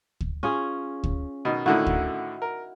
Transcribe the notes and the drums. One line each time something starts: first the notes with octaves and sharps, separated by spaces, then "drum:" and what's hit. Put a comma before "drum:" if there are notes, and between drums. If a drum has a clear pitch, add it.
drum: kick
C#4 F4 G#4
drum: kick
B2 D#3
A2 D3 D#3 D#4 E4 F#4
drum: kick
A#4